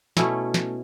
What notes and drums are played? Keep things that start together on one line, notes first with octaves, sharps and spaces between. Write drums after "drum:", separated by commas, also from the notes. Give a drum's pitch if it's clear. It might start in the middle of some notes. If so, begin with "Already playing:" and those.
B2 A3 C#4 E4, drum: snare
drum: snare